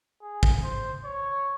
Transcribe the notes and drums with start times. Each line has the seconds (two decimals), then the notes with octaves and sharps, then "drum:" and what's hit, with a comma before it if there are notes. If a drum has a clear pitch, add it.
0.22 G#4
0.43 drum: kick
0.64 C5
1.05 C#5